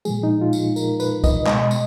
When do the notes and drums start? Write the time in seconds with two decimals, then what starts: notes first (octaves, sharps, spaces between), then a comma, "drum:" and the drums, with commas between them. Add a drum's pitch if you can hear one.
0.05 A#2 F3 G#3 G#4, drum: tambourine
0.23 D#4
0.41 F4
0.53 drum: tambourine
0.76 A#4, drum: tambourine
1.00 B4, drum: tambourine
1.24 D#5, drum: kick, tambourine
1.47 B2 G#3 D#5, drum: clap
1.71 drum: tambourine